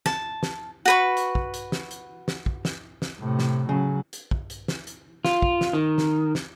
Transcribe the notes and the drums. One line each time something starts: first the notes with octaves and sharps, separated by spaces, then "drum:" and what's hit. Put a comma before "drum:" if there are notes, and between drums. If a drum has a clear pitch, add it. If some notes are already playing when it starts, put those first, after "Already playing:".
A5, drum: snare
drum: snare
F#4 B4 C#6
drum: hi-hat
drum: kick
drum: hi-hat
drum: snare
drum: hi-hat
drum: snare
drum: kick
drum: snare
drum: snare
A2 C3
drum: snare
C#3 F#3
drum: hi-hat
drum: kick
drum: hi-hat
drum: snare
drum: hi-hat
F4, drum: snare
drum: kick
drum: snare
D#3
drum: snare
drum: snare